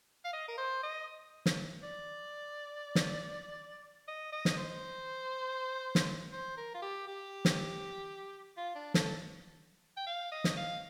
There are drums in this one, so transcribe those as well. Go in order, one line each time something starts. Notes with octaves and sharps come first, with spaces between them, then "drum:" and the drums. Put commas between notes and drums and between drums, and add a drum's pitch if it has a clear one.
F5
D#5
A#4
C5
D#5
drum: snare
D5
drum: snare
D#5
D#5
drum: snare
C5
drum: snare
C5
A#4
F4
G4
G4
drum: snare
F4
D4
A4, drum: snare
G5
F5
D#5
drum: snare
F5